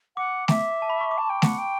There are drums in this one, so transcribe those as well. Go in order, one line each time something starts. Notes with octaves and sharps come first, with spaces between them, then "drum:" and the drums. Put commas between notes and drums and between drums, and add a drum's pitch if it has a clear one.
F#5 D6
E5 D6, drum: snare A3
A5
B5
C#6
D6
A5
G5
F#5, drum: snare A3
G5